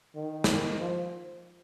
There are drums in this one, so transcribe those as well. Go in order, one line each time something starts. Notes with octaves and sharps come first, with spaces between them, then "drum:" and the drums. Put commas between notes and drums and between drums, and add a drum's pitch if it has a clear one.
D#3
drum: snare
F3